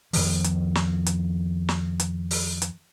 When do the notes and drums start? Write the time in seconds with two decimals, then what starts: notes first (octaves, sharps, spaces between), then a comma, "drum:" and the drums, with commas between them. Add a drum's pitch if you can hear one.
0.13 F2 D#3 F3, drum: open hi-hat
0.44 drum: hi-hat
0.75 drum: snare
1.06 drum: hi-hat
1.69 drum: snare
2.00 drum: hi-hat
2.31 drum: open hi-hat
2.62 drum: hi-hat